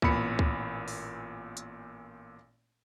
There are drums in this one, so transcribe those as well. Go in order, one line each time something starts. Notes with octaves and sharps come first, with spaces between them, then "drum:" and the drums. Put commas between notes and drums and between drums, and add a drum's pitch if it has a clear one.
A1 A#2 B3 B5 C#7, drum: kick C#2
drum: kick C#2
drum: open hi-hat
drum: hi-hat